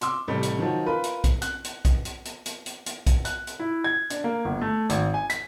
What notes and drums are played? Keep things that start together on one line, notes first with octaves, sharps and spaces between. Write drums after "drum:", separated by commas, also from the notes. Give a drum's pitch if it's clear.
C6 D6 E6, drum: hi-hat
A1 C3 G3 A3
drum: hi-hat
D#3 F3 F#3
F4 A#4 B4 B5
drum: hi-hat
drum: kick, hi-hat
F#6, drum: hi-hat
drum: hi-hat
drum: kick, hi-hat
drum: hi-hat
drum: hi-hat
drum: hi-hat
drum: hi-hat
drum: hi-hat
drum: kick, hi-hat
F#6, drum: hi-hat
drum: hi-hat
E4
G#6
D4, drum: hi-hat
A#3
G1
A3
G#1, drum: hi-hat
G#5
B6, drum: hi-hat